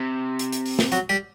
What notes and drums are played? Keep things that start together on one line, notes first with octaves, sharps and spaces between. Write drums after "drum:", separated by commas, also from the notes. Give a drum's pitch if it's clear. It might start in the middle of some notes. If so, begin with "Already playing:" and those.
Already playing: C3
drum: hi-hat
drum: hi-hat
drum: open hi-hat
drum: snare
F#3 F#4, drum: hi-hat
G3 G4